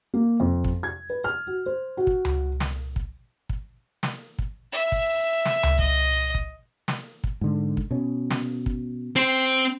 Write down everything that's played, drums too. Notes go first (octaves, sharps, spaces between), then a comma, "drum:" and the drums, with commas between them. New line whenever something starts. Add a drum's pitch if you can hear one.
A#3
F2
drum: kick
G#6
B4
F6
F#4
C5
F#4
drum: kick
drum: tom C#2
drum: snare
drum: kick
drum: kick
drum: snare
drum: kick
E5
drum: kick
drum: snare
drum: tom C#2
D#5, drum: kick
drum: kick
drum: snare
drum: kick
G#2 D3
drum: kick
B2 C#4
drum: snare
drum: kick
C4 C5